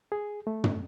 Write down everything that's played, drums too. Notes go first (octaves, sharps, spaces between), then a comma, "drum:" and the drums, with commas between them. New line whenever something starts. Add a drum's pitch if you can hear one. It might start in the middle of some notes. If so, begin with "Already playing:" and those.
G#4
A3
drum: tom